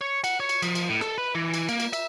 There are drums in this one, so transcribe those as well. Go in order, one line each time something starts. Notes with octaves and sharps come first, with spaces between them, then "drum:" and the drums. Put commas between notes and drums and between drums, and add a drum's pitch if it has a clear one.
C#5
F#5, drum: cymbal
C#5
drum: cymbal
F3, drum: cymbal
drum: cymbal
A2
A4, drum: rim click
B4
E3
drum: cymbal
A#3, drum: cymbal
drum: cymbal
E5, drum: cymbal